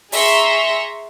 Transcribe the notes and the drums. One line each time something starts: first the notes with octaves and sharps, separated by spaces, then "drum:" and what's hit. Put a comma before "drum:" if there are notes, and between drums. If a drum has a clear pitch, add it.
G#4 E5 A#5 C6 C#6, drum: open hi-hat